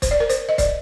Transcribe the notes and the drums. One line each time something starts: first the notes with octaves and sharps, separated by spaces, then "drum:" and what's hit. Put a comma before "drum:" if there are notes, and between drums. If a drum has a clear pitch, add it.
C5, drum: kick, hi-hat
D5
A#4
C5, drum: hi-hat
D#5
D5, drum: kick, hi-hat